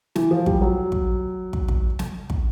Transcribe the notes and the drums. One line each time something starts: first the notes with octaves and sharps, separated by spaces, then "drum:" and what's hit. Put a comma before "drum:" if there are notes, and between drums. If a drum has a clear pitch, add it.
E3, drum: snare
F3
G3, drum: kick
F#3
drum: kick
drum: kick
drum: kick
drum: snare
drum: kick